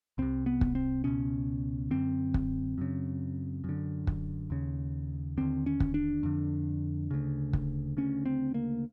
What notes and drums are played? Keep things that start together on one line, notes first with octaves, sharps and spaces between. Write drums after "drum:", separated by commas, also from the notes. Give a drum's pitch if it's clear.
C2 C3 C4
B3
drum: kick
C4
C#2 B2 C#4
F#2 D3 C4
drum: kick
F#2 C#3
F#2 D3
drum: kick
D#2 C#3
D#2 D3 C4
C#4
drum: kick
D4
F2 D3
D2 C#3
drum: kick
D2 C#3 C#4
C4
A#3